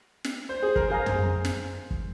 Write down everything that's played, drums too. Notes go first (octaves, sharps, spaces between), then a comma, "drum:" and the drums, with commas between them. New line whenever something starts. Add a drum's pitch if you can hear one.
drum: snare
C5
G#4
A#4, drum: kick
G#4 C5 F5 A#5
drum: tom
drum: snare
drum: kick